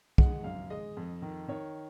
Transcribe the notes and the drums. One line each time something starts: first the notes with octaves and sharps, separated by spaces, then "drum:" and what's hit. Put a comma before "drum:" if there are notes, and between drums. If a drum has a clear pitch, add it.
G#3 F#5, drum: kick
F#2 F5
G#3 D#5
F2
D#3
D#3 C#5